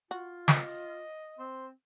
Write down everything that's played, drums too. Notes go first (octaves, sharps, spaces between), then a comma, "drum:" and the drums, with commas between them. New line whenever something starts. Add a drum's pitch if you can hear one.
F4 F#4
D#5, drum: snare
C4 C5